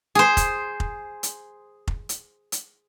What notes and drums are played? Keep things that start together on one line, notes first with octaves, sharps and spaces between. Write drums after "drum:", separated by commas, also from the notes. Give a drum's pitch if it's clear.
G#4 C5
drum: kick F1, hi-hat
drum: kick F1
drum: hi-hat
drum: kick F1
drum: hi-hat
drum: hi-hat